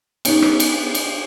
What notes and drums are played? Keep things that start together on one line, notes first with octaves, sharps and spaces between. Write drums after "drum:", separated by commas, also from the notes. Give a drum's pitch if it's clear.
B3 C#4 D#4, drum: cymbal
drum: rim click
drum: cymbal
drum: cymbal